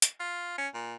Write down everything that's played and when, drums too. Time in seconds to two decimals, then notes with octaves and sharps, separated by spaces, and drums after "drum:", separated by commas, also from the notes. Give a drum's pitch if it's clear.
0.02 drum: hi-hat
0.20 F4
0.58 C#4
0.74 A#2